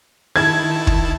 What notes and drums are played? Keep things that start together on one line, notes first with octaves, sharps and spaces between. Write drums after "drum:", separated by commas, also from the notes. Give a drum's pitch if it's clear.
D#3 E4 A5 G#6
drum: kick